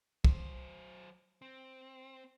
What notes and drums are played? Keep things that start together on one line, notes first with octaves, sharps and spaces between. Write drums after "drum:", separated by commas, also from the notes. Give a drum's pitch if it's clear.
F#3 C5, drum: kick
C4